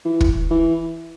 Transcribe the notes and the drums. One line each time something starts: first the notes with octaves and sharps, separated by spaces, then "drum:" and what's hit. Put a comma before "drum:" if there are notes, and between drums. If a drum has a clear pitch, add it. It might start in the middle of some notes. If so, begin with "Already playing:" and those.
E3
drum: kick
E3